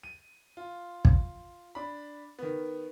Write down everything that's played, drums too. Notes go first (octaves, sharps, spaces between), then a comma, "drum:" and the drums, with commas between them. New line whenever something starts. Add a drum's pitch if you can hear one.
D#7
F4
drum: kick
D4 B5
D#3 B3